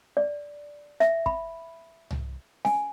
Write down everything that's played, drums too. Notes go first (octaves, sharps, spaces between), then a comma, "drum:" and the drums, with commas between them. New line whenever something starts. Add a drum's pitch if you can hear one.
D5
E5, drum: rim click
B5, drum: kick
drum: tom C2
G#5, drum: snare C#4